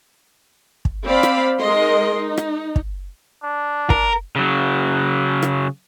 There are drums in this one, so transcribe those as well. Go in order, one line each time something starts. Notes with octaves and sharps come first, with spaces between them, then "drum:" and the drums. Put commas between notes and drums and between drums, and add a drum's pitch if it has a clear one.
drum: kick
C4 C5 D5 F5 B5
drum: rim click
G#3 D#4 A#4 D#5 C6
D#4
drum: rim click
drum: kick
D4
A#4, drum: kick
C#3 F#3
drum: rim click